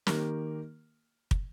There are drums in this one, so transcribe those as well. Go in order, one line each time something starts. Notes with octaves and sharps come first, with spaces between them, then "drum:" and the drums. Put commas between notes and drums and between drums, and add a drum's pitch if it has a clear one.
D#3 A#3 G4 A#4, drum: snare
drum: kick